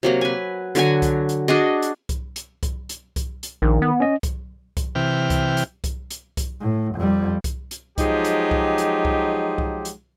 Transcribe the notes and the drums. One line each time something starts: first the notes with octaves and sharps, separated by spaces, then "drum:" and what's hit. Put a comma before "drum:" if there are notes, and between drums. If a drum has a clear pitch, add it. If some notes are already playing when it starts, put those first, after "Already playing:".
C3 F#3 A#3
B4 G#5
D3 F#3 F#4 G#5, drum: hi-hat
drum: kick C2, hi-hat
drum: hi-hat
D4 F#4 G#4 D#5
drum: hi-hat
drum: kick C2, hi-hat
drum: hi-hat
drum: kick C2, hi-hat
drum: hi-hat
drum: kick C2, hi-hat
drum: hi-hat
A#1 D#3
B3
C#4 D#5
drum: kick C2, hi-hat
drum: kick C2, hi-hat
C3 E3 G5 F6
drum: kick C2, hi-hat
drum: hi-hat
drum: kick C2, hi-hat
drum: hi-hat
drum: kick C2, hi-hat
A2
F2 G3
drum: kick C2, hi-hat
drum: hi-hat
F3 F#3 G#3 D#4 G4, drum: kick C2, hi-hat
drum: hi-hat
drum: kick C2
drum: hi-hat
drum: kick C2
drum: kick C2
drum: hi-hat